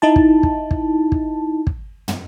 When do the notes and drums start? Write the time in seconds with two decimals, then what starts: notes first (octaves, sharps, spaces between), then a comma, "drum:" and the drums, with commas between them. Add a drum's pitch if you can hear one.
0.02 D#4 E4 A5
0.16 drum: kick
0.43 drum: kick
0.71 drum: kick
1.12 drum: kick
1.67 drum: kick
2.08 drum: tom